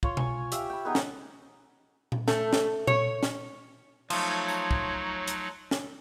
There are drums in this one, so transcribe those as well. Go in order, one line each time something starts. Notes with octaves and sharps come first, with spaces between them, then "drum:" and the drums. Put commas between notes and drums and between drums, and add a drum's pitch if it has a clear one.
F4 C#5 C6, drum: kick
G#5 C#6, drum: tom B2
G4 E5 F5, drum: hi-hat
G5 B5
B3 D#4 G#4 B4
drum: snare
drum: tom A#2
A3, drum: snare
drum: snare
C#5, drum: tom A#2
drum: snare
F3 F#3 A3 D#4 C#5, drum: cymbal
drum: tambourine
drum: kick
drum: hi-hat
drum: snare